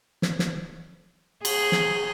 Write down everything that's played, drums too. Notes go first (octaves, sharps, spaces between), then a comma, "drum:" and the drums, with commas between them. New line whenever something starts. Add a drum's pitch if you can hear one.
drum: snare
drum: snare
G#4, drum: cymbal
drum: snare